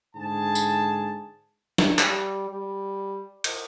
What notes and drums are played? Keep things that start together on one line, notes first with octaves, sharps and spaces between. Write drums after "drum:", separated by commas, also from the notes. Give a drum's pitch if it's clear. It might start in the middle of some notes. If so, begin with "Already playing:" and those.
G#2 D3 G#4 A5
drum: tambourine
drum: snare
G3, drum: clap
G3
drum: cymbal